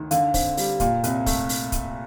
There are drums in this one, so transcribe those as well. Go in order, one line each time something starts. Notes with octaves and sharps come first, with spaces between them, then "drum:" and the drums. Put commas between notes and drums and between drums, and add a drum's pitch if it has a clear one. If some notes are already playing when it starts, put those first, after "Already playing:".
Already playing: D2 D#3
D3 F5, drum: hi-hat
C4, drum: kick, open hi-hat
G3, drum: open hi-hat
A#2 F5, drum: kick, hi-hat
C2, drum: hi-hat
A3, drum: kick, open hi-hat
drum: open hi-hat
drum: kick, hi-hat